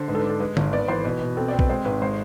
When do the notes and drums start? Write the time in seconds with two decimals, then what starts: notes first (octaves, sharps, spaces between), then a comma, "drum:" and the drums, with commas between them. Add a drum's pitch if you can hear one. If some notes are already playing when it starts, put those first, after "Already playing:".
Already playing: D3 C5
0.08 G#2 B4
0.15 A4
0.19 B4
0.24 D4
0.30 A4
0.40 G#3 B4
0.57 G#1, drum: tom D3
0.73 B3 D5
0.88 E3 C5
1.05 B2 B4
1.21 B2
1.37 C4 A4
1.48 D5
1.53 C4
1.59 B4, drum: kick A#1
1.69 G#3 C5
1.85 G#1 B4
2.02 G#3 C5